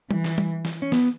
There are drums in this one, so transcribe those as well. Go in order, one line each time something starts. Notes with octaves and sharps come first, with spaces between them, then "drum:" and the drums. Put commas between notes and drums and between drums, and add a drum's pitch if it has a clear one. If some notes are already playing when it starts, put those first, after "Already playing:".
E3, drum: tom G3
drum: snare
drum: tom G3
drum: snare
C#4
B3, drum: snare